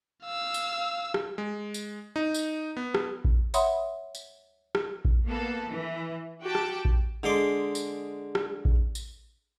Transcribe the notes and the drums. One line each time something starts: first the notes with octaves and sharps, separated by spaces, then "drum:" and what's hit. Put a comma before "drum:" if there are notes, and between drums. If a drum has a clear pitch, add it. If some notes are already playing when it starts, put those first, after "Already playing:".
F5 E6
drum: tambourine
drum: rim click
G#3
drum: tambourine
D#4
drum: tambourine
B3
drum: rim click
drum: kick A1
C#5 E5 F#5 B5 C6 D#6, drum: tambourine
drum: tambourine
drum: rim click
drum: kick A1
A#3 B3 A4
E3
F#4 G4 G5 A5
drum: rim click
drum: kick A1
D3 G#3 C6 D6
drum: tambourine
drum: rim click
drum: kick A1
drum: tambourine